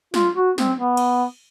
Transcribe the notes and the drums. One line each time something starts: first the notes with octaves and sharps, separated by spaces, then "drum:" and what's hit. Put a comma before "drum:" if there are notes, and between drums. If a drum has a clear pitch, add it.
F4, drum: snare
F#4
C4, drum: snare
B3
drum: cymbal